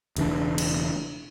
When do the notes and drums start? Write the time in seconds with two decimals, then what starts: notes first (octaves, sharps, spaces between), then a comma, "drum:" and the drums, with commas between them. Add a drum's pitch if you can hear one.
0.17 E1 C#3 E3 D4, drum: cymbal
0.58 drum: cymbal